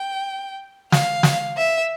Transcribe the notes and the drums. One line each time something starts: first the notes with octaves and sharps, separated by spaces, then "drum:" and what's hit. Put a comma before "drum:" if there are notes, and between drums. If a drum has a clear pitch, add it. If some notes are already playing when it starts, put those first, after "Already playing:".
Already playing: G5
F5, drum: snare
drum: snare
E5